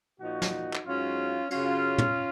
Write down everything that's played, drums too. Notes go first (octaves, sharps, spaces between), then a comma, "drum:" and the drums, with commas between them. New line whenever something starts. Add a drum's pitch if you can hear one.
A#2 F3 D#4 F#4
drum: snare
drum: clap
G#2 F#3 C#4 F4
F#2 C#3 F#3 C#4 F4, drum: cymbal
drum: tom